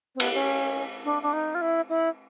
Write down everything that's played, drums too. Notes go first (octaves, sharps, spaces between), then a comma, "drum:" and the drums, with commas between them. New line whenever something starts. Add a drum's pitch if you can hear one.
C4
B3, drum: cymbal
C#4
D4
D4
D#4
F4
E4
E4